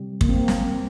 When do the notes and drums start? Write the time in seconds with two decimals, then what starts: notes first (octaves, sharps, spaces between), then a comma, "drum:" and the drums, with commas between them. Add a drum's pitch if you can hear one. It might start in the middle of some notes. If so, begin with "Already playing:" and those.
Already playing: C3 G3
0.21 A#3, drum: kick
0.29 C4
0.36 A#3
0.48 drum: snare